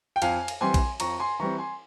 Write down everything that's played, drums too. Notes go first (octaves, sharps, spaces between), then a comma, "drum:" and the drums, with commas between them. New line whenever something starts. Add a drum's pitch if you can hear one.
G5
F2 F5 G#5, drum: cymbal
drum: cymbal
E3 G3 C4 G#5 C6
drum: kick A#1, cymbal
F2 A#5 C#6, drum: cymbal
G#5 C6
E3 G3 C4 A#5 C#6
G#5 C6